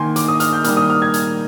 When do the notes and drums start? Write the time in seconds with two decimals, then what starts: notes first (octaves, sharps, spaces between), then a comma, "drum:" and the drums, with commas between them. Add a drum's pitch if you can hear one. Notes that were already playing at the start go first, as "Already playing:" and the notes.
Already playing: D#3 A#3 G#5 C6
0.16 D6, drum: hi-hat
0.28 D#6
0.40 F6, drum: hi-hat
0.53 G6
0.64 D#3 G3 A#3 F6, drum: hi-hat
0.77 D#6
0.90 F6
1.02 G#6
1.14 drum: hi-hat